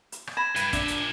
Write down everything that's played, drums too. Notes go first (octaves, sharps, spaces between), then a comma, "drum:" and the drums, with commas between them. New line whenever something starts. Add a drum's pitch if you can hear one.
drum: hi-hat
drum: rim click
B5 G#6 A#6 E7
G2 D#7, drum: hi-hat
A#2 D4 E5, drum: kick, hi-hat
drum: hi-hat